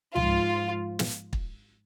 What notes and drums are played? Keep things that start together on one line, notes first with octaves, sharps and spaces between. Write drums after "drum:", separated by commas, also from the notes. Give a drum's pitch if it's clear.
G#2 F3 F4, drum: tom C#2
drum: snare
drum: kick